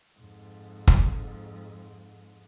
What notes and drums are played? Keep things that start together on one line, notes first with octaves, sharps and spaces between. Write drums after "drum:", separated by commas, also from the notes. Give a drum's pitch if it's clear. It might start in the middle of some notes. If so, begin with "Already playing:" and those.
F2 G#2
drum: kick